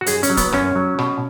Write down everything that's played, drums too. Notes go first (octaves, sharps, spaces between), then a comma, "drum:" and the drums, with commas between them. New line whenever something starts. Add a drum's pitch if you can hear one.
F#4
F#2 G#4, drum: hi-hat
C#4, drum: hi-hat
F#3
B3, drum: kick, hi-hat
F#2 C#4, drum: rim click
F#3
B2, drum: rim click